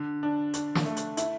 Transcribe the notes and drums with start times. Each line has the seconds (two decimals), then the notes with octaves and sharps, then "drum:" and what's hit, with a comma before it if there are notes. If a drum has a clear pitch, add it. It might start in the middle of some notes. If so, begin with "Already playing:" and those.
Already playing: D3
0.23 D4
0.54 D4, drum: hi-hat
0.75 drum: snare
0.85 A3
0.97 drum: hi-hat
1.17 E4, drum: hi-hat